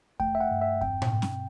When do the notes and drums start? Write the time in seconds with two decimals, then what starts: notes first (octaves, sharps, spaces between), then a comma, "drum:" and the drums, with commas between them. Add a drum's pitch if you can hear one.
0.20 A3 G5, drum: kick E2
0.35 E5
0.41 F#5
0.51 G2
0.62 E5
0.81 C4 G5, drum: kick E2
1.02 drum: tom A2
1.12 B2
1.22 drum: snare